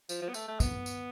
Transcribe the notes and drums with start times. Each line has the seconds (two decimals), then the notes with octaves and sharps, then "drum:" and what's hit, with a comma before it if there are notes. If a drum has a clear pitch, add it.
0.09 F3, drum: tambourine
0.22 F3
0.29 B3
0.34 A3, drum: tambourine
0.48 A3
0.60 B3, drum: kick, tambourine
0.86 drum: tambourine